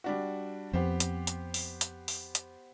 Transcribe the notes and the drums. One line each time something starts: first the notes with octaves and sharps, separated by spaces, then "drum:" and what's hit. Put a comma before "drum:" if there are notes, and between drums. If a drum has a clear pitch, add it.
G3 D4 F#4
F2 B3 G4 C5
drum: hi-hat
drum: hi-hat
drum: open hi-hat
drum: hi-hat
drum: open hi-hat
drum: hi-hat